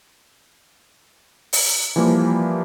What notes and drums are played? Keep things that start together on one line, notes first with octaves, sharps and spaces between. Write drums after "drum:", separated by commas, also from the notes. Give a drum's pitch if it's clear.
drum: open hi-hat
E3 F3 G3 A#3